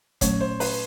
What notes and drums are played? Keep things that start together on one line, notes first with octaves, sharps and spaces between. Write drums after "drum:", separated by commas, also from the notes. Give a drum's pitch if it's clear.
A#2 F#3 A3 C#4 C#5, drum: kick F#1, hi-hat
C5
B4, drum: open hi-hat